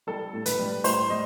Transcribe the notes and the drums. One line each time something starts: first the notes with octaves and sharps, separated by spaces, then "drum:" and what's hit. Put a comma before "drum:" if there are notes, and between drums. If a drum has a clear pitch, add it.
G3 A4
A2
B4, drum: hi-hat
G3
A2 C5, drum: open hi-hat
G3 D#5